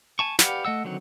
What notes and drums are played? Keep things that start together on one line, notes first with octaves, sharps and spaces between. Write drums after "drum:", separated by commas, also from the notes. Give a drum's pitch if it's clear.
G#5 A5 C#6
G4 B4 D5 F5 F#5, drum: snare
A3 D#5 F#5 E6
D3 D#3 F#3 C4 F#5